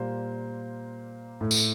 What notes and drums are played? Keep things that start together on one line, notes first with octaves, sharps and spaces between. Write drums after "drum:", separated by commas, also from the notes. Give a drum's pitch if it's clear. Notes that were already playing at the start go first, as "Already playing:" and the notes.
Already playing: A#2 G3 A#3 C5
A2 A3
drum: tambourine